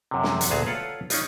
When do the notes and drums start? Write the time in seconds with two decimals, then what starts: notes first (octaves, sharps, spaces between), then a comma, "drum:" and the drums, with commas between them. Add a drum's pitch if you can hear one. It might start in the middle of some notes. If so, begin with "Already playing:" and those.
0.11 F#2 C3
0.23 drum: snare
0.41 drum: hi-hat
0.50 D2 A#2 B3 G#4 A5 A#5
0.67 F4 A4 B4 C#5 F5 F#5
1.10 C#4 D#4 F4, drum: hi-hat